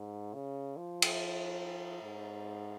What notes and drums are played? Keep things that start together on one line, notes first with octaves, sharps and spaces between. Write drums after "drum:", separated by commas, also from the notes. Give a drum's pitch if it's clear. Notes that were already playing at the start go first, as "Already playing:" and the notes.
Already playing: G#2
C#3
F3
drum: cymbal
G#2